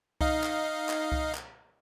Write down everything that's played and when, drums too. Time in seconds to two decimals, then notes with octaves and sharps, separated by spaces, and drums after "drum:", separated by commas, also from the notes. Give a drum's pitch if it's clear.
0.21 D#4 D#5 F5, drum: kick C2
0.43 drum: clap
0.89 drum: clap
1.12 drum: kick C2
1.35 drum: clap